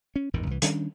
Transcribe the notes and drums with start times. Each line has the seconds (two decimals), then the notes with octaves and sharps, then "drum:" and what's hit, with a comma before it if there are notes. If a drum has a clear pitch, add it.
0.16 C#4
0.33 G#1 E2 G2 D#3
0.47 C2 E3
0.62 D#3 G3 C#4 D4, drum: hi-hat